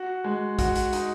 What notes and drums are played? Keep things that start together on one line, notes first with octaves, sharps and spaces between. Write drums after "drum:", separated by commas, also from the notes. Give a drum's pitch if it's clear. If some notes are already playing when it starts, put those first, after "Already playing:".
Already playing: F#4
G#3
F#4, drum: kick, hi-hat
drum: hi-hat
D#4, drum: hi-hat